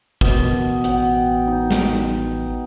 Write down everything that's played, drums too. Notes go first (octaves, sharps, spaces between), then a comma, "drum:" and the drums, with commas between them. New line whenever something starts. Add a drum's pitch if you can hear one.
A1 B2 D#5, drum: kick
F#5 G5, drum: hi-hat
D#4
drum: snare